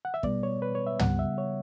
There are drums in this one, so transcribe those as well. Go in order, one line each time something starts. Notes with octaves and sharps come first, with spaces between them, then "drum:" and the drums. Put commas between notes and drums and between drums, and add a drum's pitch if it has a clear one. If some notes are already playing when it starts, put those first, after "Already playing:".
F#5
E5
B2 G3 B3 D5, drum: kick
C#5
B4
C#5
E5
C#3 G3 B3 F#5, drum: tom
E5
C#5